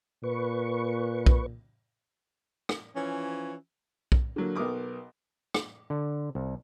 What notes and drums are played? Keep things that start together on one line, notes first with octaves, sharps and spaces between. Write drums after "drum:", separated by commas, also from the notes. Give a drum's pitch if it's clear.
A#2 B4 C#6
drum: kick
drum: rim click
E3 F3 C#4
drum: kick
D3 F#3 A#3
B1 B3 A#4 D6 D#6
drum: rim click
D3
C2